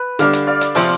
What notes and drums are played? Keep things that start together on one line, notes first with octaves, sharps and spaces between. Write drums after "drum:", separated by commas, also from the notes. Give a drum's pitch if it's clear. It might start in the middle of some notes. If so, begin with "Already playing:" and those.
Already playing: B4
D3 G3 D4 D5 F5, drum: hi-hat
drum: hi-hat
D5 F5
drum: hi-hat
C3 F3 C4 C5 E5, drum: open hi-hat